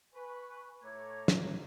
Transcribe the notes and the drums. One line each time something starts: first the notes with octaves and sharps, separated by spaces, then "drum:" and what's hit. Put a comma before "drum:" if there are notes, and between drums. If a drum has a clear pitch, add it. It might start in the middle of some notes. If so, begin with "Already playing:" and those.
B4 G#5 C#6
A2 A3 C#5 A#5 D6 G#6
drum: snare